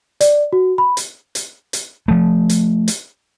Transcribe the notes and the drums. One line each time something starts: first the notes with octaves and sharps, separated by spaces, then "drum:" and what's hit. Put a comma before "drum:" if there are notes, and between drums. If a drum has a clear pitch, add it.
D5, drum: hi-hat
F#4
B5
drum: hi-hat
drum: hi-hat
drum: hi-hat
F3 A3
drum: hi-hat
drum: hi-hat